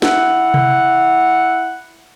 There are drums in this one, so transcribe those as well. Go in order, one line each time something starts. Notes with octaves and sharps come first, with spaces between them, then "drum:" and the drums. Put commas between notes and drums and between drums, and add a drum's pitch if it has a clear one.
E4 F#5, drum: snare
drum: tom C3